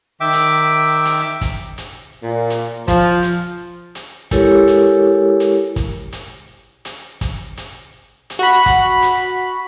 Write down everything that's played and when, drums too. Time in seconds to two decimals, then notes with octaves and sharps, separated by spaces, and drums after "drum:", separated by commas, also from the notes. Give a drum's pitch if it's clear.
0.20 D#3 E5 G5 D6
0.33 drum: hi-hat
1.05 drum: hi-hat
1.41 drum: kick, hi-hat
1.78 drum: hi-hat
2.24 A#2
2.50 drum: hi-hat
2.88 F3, drum: kick, hi-hat
3.23 drum: hi-hat
3.95 drum: hi-hat
4.31 G#3 E4 G4 A4 A#4 C#5, drum: kick, hi-hat
4.67 drum: hi-hat
5.40 drum: hi-hat
5.76 drum: kick, hi-hat
6.12 drum: hi-hat
6.85 drum: hi-hat
7.21 drum: kick, hi-hat
7.57 drum: hi-hat
8.30 drum: hi-hat
8.39 F#4 B5
8.66 drum: kick, hi-hat
9.02 drum: hi-hat